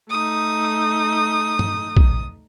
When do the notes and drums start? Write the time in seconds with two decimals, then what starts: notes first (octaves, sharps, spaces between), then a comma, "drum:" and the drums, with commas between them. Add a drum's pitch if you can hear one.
0.10 A3 D#4 D#6
1.59 drum: tom G2
1.97 drum: kick